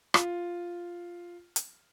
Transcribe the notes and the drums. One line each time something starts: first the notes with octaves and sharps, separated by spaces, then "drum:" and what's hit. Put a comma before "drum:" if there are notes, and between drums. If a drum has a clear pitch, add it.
F4, drum: rim click
drum: hi-hat